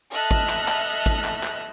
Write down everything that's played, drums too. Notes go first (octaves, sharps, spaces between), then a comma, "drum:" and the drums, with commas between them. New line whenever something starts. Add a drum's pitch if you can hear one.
A4 D#5 E5 F6 F#6
drum: kick G#1
drum: clap
drum: clap
drum: kick G#1
drum: clap
drum: clap